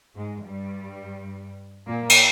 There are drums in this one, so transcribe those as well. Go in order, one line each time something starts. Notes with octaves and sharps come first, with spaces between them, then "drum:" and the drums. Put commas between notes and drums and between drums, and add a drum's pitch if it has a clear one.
G#2 G#3
G2 G3
A#2 A#3
drum: cymbal